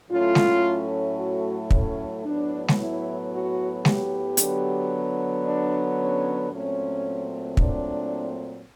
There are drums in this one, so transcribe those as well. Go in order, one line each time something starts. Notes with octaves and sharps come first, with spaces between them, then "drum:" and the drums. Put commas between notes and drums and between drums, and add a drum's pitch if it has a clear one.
A2 F#3 A3 C#4 F4
drum: snare G#3
F#4
C#4, drum: kick
A2 F#3 B3 D4
drum: snare G#3
E4
F#4
G4, drum: snare G#3
D3 F#3 B3, drum: hi-hat
D4
C#4
A#2 F#3 A3 C4 C#4
D4, drum: kick